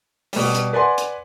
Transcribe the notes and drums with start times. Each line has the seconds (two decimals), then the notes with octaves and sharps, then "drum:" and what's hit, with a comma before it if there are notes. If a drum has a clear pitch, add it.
0.33 B2 G3, drum: open hi-hat
0.55 drum: hi-hat
0.73 B4 D5 F#5 G#5 C6
0.98 drum: hi-hat